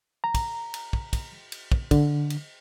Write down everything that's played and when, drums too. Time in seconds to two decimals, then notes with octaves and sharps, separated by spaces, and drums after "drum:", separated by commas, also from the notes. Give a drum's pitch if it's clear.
0.24 A#5
0.35 drum: kick, cymbal
0.74 drum: cymbal
0.93 drum: kick
1.13 drum: kick, cymbal
1.52 drum: cymbal
1.72 drum: kick
1.91 D3, drum: kick, cymbal
2.30 drum: cymbal